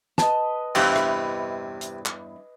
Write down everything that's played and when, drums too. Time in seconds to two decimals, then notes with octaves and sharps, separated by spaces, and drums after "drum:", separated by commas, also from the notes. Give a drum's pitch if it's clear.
0.18 B4 D#5 A5, drum: snare
0.75 E2 G2 C3 E3, drum: cymbal
0.96 drum: rim click
1.81 drum: hi-hat
2.06 drum: clap